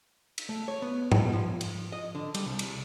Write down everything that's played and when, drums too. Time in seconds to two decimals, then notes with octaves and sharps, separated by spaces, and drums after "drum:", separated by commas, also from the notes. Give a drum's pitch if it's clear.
0.38 drum: cymbal
0.49 A3
0.68 C#5
0.82 B3
1.12 drum: tom G#2
1.33 F3
1.61 drum: cymbal
1.92 D#5
2.15 D3
2.34 G3, drum: cymbal
2.46 C2
2.59 drum: cymbal